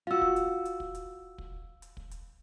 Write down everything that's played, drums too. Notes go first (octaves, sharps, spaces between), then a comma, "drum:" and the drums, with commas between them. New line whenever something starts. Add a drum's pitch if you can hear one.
F4 F#4 F5 E6
drum: kick
drum: hi-hat
drum: hi-hat
drum: kick
drum: hi-hat
drum: kick
drum: hi-hat
drum: kick
drum: hi-hat